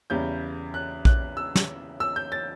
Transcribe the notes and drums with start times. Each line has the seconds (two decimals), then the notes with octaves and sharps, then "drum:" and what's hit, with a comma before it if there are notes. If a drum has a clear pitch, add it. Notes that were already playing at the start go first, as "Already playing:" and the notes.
0.10 E2 C#3 G3 G6
0.74 F#6
1.05 F#6, drum: kick A#1
1.37 E6
1.55 drum: snare
2.00 E6
2.16 G6
2.32 A6